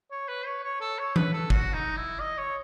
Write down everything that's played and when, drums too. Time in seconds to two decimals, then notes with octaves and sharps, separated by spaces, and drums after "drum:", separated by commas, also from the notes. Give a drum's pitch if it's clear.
0.11 C#5
0.29 B4
0.46 C#5
0.64 C#5
0.81 A4
0.99 C#5
1.16 B4, drum: tom E3
1.33 A4
1.50 F#4, drum: kick
1.74 D#4
1.97 E4
2.20 D#5
2.37 C#5